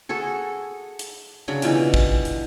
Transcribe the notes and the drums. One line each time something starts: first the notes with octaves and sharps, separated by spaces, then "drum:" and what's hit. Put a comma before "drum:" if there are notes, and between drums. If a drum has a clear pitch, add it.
F#4 G#4 A4
drum: hi-hat
C#3 F#3 D4 B5
B2 E3 F4 G4, drum: hi-hat
drum: kick
drum: hi-hat